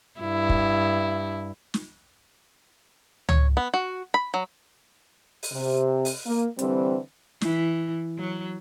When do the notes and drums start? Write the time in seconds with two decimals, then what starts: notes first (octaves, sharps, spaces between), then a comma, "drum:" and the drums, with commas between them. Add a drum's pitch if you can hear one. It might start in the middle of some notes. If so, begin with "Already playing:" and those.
0.20 G2 E4
0.49 drum: kick
1.74 drum: snare
3.29 C#5, drum: tom C#2
3.57 B3
3.74 F#4
4.14 B5
4.34 F#3
5.43 drum: open hi-hat
5.52 C3
6.05 drum: open hi-hat
6.26 A#3
6.59 D3 E3 G3 C4, drum: hi-hat
7.41 E3, drum: snare
8.18 F#3